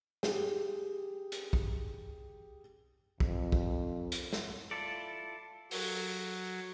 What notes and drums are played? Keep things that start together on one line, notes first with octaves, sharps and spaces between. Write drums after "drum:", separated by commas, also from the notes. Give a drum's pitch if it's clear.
G4 G#4, drum: snare
drum: hi-hat
drum: kick
F2, drum: kick
drum: kick
drum: hi-hat
drum: snare
E4 F4 A4 D5
F#3, drum: open hi-hat